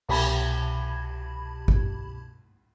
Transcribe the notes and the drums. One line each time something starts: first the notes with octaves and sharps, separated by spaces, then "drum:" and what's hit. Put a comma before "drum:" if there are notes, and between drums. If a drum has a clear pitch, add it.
C2 B2 G4 A5 B5 G#6, drum: cymbal
drum: kick G#1